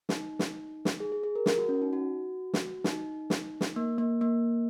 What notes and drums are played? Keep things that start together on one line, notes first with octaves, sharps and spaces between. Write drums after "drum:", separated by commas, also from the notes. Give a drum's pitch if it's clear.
D#4, drum: snare
drum: snare
drum: snare
G#4
G#4
G#4
A#4
A#4, drum: snare
F#4
C#4
D#4
F#4
drum: snare
D#4, drum: snare
drum: snare
drum: snare
A#3
A#3
A#3